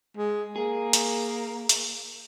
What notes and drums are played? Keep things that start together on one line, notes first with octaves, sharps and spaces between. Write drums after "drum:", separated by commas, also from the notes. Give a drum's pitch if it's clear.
G#3
A#3 G#4
drum: hi-hat
drum: hi-hat